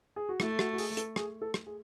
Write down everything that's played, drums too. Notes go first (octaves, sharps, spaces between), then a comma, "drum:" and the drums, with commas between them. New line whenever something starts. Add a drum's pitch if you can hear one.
G#4
F#4
A3 E4, drum: rim click
F#4, drum: rim click
F#4
G#4, drum: open hi-hat
A4, drum: hi-hat
G#4, drum: rim click
A4
drum: rim click
G#4